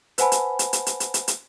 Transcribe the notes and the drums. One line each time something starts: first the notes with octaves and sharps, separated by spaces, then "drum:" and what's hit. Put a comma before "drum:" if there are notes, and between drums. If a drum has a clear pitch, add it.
B4 C5 F#5 G#5 A5 B5, drum: hi-hat
drum: hi-hat
drum: hi-hat
drum: hi-hat
drum: hi-hat
drum: hi-hat
drum: hi-hat
drum: hi-hat